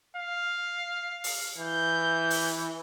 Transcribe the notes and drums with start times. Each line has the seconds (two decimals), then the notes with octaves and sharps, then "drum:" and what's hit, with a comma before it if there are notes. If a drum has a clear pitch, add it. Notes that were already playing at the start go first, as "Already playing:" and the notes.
0.17 F5
1.24 drum: open hi-hat
1.58 E3 G6
2.30 drum: open hi-hat